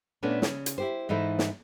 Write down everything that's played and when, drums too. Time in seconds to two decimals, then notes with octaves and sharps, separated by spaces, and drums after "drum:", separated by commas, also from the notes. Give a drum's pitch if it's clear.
0.23 A#2 A3 B3 C#4 D4
0.42 C#3 C#4, drum: snare
0.66 drum: hi-hat
0.78 E4 G4 C5
1.09 G#2 E3 D#4 E4 A4 C5
1.39 drum: snare